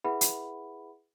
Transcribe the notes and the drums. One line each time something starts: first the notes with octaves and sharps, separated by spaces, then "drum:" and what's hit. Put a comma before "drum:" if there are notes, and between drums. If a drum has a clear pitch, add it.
E4 G#4 B4 E5 F#5 B5
drum: hi-hat